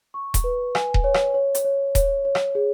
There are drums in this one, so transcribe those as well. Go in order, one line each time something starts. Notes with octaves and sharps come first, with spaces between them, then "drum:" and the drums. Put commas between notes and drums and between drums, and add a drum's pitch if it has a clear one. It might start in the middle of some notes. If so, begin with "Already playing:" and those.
C#6
drum: kick D#1, hi-hat
B4
G#5, drum: rim click
drum: kick D#1
C#5
drum: rim click
C#5
drum: hi-hat
C#5
C#5, drum: kick D#1, hi-hat
C#5
drum: rim click
G#4